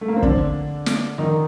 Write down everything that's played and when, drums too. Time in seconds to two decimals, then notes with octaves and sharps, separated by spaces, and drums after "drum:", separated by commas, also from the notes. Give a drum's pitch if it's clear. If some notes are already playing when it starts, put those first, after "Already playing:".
0.01 A3
0.08 A#3
0.16 C4
0.23 D3 D4, drum: kick
0.86 drum: snare
1.18 D#3 D#4